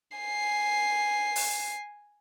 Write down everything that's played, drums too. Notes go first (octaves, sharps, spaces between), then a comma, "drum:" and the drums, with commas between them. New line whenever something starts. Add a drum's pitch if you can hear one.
G#5 C7
drum: open hi-hat